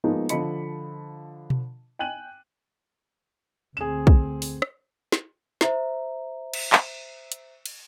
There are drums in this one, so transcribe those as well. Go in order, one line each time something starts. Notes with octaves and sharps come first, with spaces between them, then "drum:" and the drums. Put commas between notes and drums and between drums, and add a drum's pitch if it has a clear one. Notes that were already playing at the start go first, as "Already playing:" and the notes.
F3 G#3 A#3 B3 D#4
D3 F3 D#5 B5 C#7, drum: hi-hat
drum: tom B2
G5 G#5 F#6 D#7 F#7
D2 C4 G#4 E7
drum: kick
drum: open hi-hat
drum: rim click
drum: snare
C5 E5 A#5, drum: snare
drum: cymbal
drum: clap
drum: hi-hat
drum: cymbal